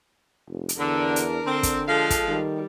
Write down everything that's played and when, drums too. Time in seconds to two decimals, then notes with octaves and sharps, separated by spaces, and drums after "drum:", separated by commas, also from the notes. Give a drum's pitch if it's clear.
0.48 F1
0.69 drum: hi-hat
0.78 E2 D3 D4 A#4
1.16 drum: hi-hat
1.46 D3 C4
1.63 drum: kick, hi-hat
1.87 F3 G#3 A4 F5
2.10 drum: kick, hi-hat
2.28 D#3 G3